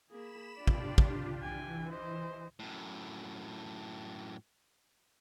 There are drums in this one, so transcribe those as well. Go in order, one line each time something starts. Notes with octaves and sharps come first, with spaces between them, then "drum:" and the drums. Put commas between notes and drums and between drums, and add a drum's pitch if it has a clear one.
A#3 G#4 B5 E7
D4 F4 G4 D5 B5
drum: kick
drum: kick
E3 G5 G#5
C5 D#5
F#2 A2